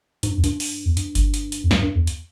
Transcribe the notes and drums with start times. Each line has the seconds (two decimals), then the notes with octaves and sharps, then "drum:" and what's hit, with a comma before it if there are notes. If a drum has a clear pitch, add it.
0.23 G#2, drum: hi-hat
0.31 G2
0.38 E2
0.44 G2, drum: hi-hat
0.60 drum: open hi-hat
0.85 E2
0.97 G2, drum: hi-hat
1.15 drum: kick G1, hi-hat
1.34 drum: hi-hat
1.52 drum: hi-hat
1.64 E2
1.71 G2, drum: snare
1.82 G2
1.95 E2
2.07 drum: hi-hat